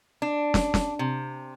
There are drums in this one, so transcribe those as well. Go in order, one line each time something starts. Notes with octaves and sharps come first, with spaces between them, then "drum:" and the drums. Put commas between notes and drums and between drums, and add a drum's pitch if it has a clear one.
D4
drum: snare
drum: snare
C3